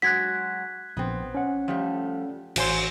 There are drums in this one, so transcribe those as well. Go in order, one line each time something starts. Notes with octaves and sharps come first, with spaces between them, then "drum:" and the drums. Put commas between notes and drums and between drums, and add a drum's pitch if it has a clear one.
F#3 G#3 F#4 F#6 G#6 B6
A#1 B3 C4
C#4 F#5
F3 G3 A3
A1 F#4 C5 C#5 G#5 C6, drum: cymbal